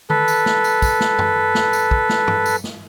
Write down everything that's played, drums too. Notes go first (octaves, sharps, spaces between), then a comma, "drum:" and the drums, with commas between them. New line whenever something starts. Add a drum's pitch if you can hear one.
A4 B4, drum: tom D3
drum: tambourine
drum: snare
drum: tambourine
drum: kick, tambourine
drum: snare
drum: tom F#2
drum: snare
drum: tambourine
drum: kick
drum: snare
drum: tom
drum: tambourine
drum: snare